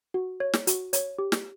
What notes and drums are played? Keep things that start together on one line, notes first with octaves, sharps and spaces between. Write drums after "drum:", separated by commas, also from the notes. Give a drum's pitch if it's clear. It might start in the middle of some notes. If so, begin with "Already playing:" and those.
F#4
C#5
drum: snare
F#4, drum: hi-hat
C#5, drum: hi-hat
G4
drum: snare